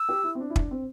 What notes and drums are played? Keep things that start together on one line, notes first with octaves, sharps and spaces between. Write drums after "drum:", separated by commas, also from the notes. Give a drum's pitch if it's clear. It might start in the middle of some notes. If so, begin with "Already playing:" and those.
Already playing: E6
G4
E4
C4
D4
E4
D4, drum: kick
C4